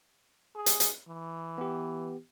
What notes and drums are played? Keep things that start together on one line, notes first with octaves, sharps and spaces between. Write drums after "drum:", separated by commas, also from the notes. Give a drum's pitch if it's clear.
G#4
drum: hi-hat
drum: hi-hat
E3
B3 G4